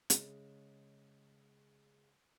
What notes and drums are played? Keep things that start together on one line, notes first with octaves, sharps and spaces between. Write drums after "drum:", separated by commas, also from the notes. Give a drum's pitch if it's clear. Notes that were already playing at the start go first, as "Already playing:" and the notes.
C#3 G#3, drum: hi-hat